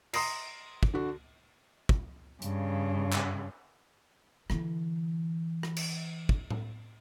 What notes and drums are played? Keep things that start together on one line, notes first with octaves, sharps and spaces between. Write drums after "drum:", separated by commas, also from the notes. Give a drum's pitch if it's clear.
A#5 C6 D#6 A#6 C7, drum: cymbal
drum: kick
D3 F#4
drum: kick
G2 C#3, drum: hi-hat
drum: clap
D3 E3, drum: rim click
drum: rim click
drum: cymbal
drum: kick
drum: tom A2